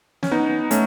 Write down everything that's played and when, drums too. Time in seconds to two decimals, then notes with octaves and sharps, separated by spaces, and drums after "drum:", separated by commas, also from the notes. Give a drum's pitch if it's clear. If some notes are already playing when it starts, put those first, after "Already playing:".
0.23 C#4, drum: snare
0.31 B3 D#4
0.71 A3 C#4, drum: hi-hat